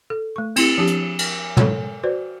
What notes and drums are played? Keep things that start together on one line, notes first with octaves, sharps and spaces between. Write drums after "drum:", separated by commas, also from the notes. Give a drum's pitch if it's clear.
A4
A3 C#6
C4 E4 G4, drum: cymbal
F3 D4 G4
drum: hi-hat
drum: cymbal
A4 C#5, drum: tom
F#4 B4 C5 D5